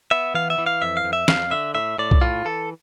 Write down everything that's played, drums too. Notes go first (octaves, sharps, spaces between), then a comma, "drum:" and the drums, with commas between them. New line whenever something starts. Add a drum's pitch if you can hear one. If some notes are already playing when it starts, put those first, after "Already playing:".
B3 E5
E3 F5
E5
E3
F5
F2 E5
F5
F2
E5
F2 F5, drum: snare
D3 E5
A2 E5
A2 D5
drum: kick B1
A2 F4
E3 A4